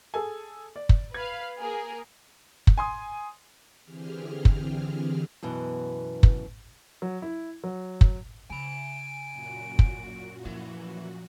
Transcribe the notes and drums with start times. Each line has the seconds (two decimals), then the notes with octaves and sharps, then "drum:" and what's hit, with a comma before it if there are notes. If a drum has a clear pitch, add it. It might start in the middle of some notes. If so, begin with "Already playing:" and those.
0.14 G#4 A4 G#5
0.76 D5
0.89 drum: kick
1.14 B4 F5 G#6
1.60 A#3 G#4 A#4
2.67 drum: kick
2.78 G#5 C6 D#6
3.83 D3 E3 C4 G4 G#4 F6
4.45 drum: kick
5.43 F#2 B2 E3
6.23 drum: kick
7.02 F#3
7.22 E4
7.64 F#3
8.01 drum: kick
8.50 C#3 G#5 B5 D7
9.31 F#2 A#2 F#4
9.79 drum: kick
10.45 E3 F3